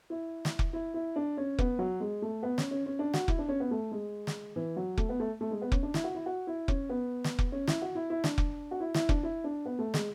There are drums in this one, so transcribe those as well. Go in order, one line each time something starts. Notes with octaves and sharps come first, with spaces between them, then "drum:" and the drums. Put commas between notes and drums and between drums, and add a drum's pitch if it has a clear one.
E4
drum: snare
drum: kick F1
E4
E4
D4
C#4
B3, drum: kick F1
F#3
G#3
A3
B3
C#4, drum: snare
C#4
C#4
D4
F#4, drum: snare
E4, drum: kick F1
D4
C#4
B3
A3
G#3
drum: snare
E3
F#3
A3, drum: kick F1
B3
A3
A3
G#3
B3
C#4, drum: kick F1
D4
E4, drum: snare
F#4
E4
F#4
E4
C#4, drum: kick F1
B3
drum: snare
drum: kick F1
C#4
E4, drum: snare
F#4
E4
E4
D4, drum: snare
drum: kick F1
F#4
E4
E4, drum: snare
D4, drum: kick F1
E4
D4
B3
A3
G#3, drum: snare